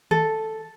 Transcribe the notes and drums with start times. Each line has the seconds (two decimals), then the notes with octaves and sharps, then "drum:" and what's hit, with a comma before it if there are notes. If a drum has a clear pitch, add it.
0.11 A4, drum: tom D#3